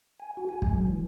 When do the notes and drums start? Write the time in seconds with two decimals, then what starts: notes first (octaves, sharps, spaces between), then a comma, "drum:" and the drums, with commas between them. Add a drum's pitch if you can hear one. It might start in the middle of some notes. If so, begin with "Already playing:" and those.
0.19 G#5
0.37 F#4
0.49 G#5
0.62 G#3, drum: kick
0.75 F#3
0.87 E3